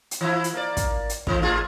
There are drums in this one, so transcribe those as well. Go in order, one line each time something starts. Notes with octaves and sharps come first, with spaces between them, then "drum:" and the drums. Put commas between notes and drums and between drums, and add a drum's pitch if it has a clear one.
drum: hi-hat
E3 F3 E4
drum: hi-hat
A#3 D5
drum: kick, hi-hat
drum: hi-hat
F2 E3, drum: kick
A2 F4 G#4